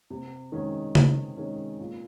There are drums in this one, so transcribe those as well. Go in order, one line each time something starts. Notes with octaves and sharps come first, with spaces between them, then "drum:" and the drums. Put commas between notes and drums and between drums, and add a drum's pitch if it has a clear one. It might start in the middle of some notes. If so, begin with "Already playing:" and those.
C3
D#3 G#3 C#4
C3, drum: tom C#3
D#3 G#3 C#4
A#2